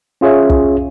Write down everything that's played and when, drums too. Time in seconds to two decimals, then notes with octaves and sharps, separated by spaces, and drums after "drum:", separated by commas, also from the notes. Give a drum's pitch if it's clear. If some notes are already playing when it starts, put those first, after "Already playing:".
0.21 C#4 F4 G#4 C#5 E5
0.50 drum: kick